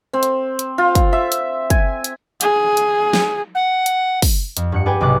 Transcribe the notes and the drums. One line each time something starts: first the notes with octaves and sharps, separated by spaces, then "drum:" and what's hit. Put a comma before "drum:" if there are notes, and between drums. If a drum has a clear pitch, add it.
C4
drum: hi-hat
drum: hi-hat
F4
drum: kick, hi-hat
E5
drum: hi-hat
G#5, drum: kick, hi-hat
drum: hi-hat
G#4, drum: hi-hat
drum: hi-hat
drum: snare
F#5
drum: hi-hat
drum: kick, open hi-hat
F2, drum: hi-hat
G2 F#5 C#7
G#4 B4 D5 G5 G#5
B1 G#2 C3 D6 F#6